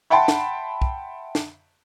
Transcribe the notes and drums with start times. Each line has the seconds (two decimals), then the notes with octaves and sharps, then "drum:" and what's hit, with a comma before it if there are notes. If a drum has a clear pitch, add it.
0.10 E5 F#5 G5 A5 B5 C6
0.28 drum: snare
0.82 drum: kick
1.35 drum: snare